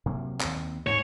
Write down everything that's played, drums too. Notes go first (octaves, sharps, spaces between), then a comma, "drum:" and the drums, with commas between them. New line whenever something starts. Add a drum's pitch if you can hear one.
C3 F#3 A#3
D#2 C4, drum: clap
G#2 C#5